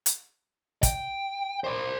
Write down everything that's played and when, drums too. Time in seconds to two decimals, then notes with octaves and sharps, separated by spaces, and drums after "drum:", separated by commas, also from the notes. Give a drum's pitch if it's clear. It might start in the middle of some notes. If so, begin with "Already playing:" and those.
0.06 drum: hi-hat
0.83 G5, drum: kick, hi-hat
1.64 C5 D5